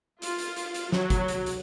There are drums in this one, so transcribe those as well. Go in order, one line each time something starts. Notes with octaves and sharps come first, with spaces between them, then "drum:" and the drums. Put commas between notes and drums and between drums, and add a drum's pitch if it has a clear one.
F4, drum: hi-hat
drum: hi-hat
drum: hi-hat
drum: hi-hat
F#3, drum: snare
drum: kick, hi-hat
drum: hi-hat
drum: hi-hat